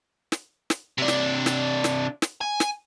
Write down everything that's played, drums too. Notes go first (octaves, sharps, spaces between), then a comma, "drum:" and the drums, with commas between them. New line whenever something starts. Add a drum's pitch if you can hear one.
drum: snare
drum: snare
C3 D4
drum: snare
drum: snare
drum: snare
drum: snare
G#5
drum: snare